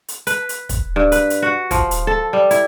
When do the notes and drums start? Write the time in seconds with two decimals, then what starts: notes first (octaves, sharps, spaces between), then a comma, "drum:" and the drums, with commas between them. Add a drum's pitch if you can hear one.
0.08 drum: hi-hat
0.27 B4, drum: hi-hat
0.49 drum: hi-hat
0.69 drum: kick, hi-hat
0.96 G2
1.12 B4, drum: hi-hat
1.30 drum: hi-hat
1.42 F#4
1.71 F3, drum: kick, hi-hat
1.91 drum: hi-hat
2.07 A4
2.33 G3
2.51 E4, drum: hi-hat